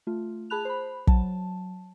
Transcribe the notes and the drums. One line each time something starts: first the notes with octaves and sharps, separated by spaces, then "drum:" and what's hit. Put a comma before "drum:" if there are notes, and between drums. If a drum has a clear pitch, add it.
A3 F4
G#4 A5 B5 F#6 F7
C5 B5
F#3 A5, drum: kick